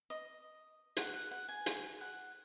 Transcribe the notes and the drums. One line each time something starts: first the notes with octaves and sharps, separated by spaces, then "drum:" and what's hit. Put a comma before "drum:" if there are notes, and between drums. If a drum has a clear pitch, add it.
D#5
F#5, drum: hi-hat
F#5
F#5
G#5
drum: hi-hat
F#5